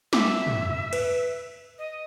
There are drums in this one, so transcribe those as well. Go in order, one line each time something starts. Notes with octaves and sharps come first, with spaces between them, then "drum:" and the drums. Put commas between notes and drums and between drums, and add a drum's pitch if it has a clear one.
E5 D6, drum: snare
drum: tom
B4, drum: cymbal
D#5